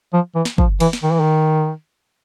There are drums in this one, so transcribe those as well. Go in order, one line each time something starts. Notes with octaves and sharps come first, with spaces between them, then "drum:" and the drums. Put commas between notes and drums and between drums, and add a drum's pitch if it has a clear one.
F3
E3
drum: snare
F3, drum: kick
E3, drum: cymbal
drum: snare
D#3
E3
D#3